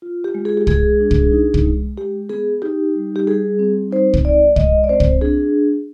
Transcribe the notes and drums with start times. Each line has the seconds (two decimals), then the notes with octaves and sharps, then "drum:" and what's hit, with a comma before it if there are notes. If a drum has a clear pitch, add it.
0.02 F4
0.24 G4
0.34 G#3
0.45 G#4
0.57 G4
0.67 G#3 G#4, drum: kick
1.00 D4
1.11 drum: kick
1.32 D#4
1.54 drum: kick
1.65 G#3
1.97 G#3 G4
2.30 B3 G#4
2.62 D#4 G4
2.95 G3
3.16 G4
3.27 G3 G#4
3.59 C4
3.91 D#4 C5
4.14 drum: kick
4.24 G#3 D5
4.56 G#3 D#5, drum: kick
4.84 D5
4.89 C4 C5
5.00 drum: kick
5.21 D4 G#4